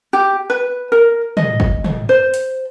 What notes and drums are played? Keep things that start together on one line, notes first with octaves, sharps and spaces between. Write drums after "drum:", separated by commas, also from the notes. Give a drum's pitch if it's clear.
G4
B4
A#4
D#5, drum: tom
drum: kick F#1
drum: tom
C5
drum: hi-hat